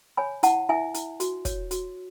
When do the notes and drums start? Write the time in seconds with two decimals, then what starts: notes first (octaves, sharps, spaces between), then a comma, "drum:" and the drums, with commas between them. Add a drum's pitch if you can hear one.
0.17 C#5 G#5 B5
0.43 E4 F#5 A5, drum: hi-hat
0.69 E4 E5 G#5
0.94 E4, drum: hi-hat
1.20 F#4, drum: hi-hat
1.45 C#5, drum: kick, hi-hat
1.71 F#4, drum: hi-hat